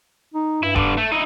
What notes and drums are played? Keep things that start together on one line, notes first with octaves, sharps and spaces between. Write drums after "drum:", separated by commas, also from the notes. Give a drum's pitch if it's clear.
D#4
G2 E4
D3 G3, drum: kick D#1
A3
D#4 E4